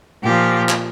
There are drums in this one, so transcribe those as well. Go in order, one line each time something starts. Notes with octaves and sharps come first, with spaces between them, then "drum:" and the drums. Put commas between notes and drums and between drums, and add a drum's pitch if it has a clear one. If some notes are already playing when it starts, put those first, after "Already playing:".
A#2 F3 G4
drum: clap